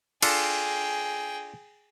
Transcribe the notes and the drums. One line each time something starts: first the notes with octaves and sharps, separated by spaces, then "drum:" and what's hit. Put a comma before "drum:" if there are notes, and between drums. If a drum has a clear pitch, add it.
D4 F4 G#4 A4 G5, drum: cymbal